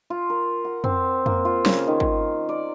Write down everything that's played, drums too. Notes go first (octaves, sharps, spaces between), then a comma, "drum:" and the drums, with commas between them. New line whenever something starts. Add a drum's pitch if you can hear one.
F4
A#4
F#5
C4, drum: tom F2
A#3, drum: tom F2
F4
C#3, drum: snare
D#3
drum: kick
D5